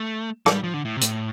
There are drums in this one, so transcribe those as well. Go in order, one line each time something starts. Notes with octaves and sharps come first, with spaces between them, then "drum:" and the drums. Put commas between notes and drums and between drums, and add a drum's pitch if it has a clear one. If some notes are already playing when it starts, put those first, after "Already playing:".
Already playing: A3
F3, drum: rim click
G3
F3
D3
A2
C3
A2, drum: hi-hat